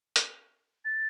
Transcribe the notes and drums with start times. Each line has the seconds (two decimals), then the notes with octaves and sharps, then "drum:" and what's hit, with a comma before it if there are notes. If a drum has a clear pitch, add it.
0.16 drum: hi-hat
0.84 A6